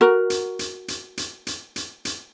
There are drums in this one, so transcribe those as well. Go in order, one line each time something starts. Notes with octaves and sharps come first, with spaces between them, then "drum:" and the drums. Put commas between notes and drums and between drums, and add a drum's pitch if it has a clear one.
F#4 A#4
drum: hi-hat
drum: hi-hat
drum: hi-hat
drum: hi-hat
drum: hi-hat
drum: hi-hat
drum: hi-hat